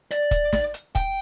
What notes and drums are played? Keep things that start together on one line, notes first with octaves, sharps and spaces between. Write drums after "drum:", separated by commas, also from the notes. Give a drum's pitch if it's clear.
D5, drum: hi-hat
drum: kick, hi-hat
drum: snare
drum: hi-hat
G5, drum: kick, hi-hat